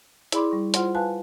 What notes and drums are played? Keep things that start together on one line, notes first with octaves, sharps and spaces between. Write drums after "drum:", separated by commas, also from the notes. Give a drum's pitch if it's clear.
E4 G#4 D5 B5 C6 D6, drum: hi-hat
G3 C#6
F4 C5 F#5 C6, drum: hi-hat
B4 F5 G#5 A5 F#6